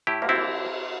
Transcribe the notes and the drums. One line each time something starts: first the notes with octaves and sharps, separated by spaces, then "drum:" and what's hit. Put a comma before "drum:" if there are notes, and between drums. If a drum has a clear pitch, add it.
A2 E4 G4
A#3, drum: cymbal
C4 E4
E3